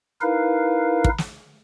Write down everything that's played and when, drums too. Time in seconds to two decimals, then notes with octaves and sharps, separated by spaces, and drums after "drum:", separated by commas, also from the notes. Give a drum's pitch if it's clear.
0.21 D#4 E4 A#4 B4 F5
1.04 drum: kick
1.18 drum: snare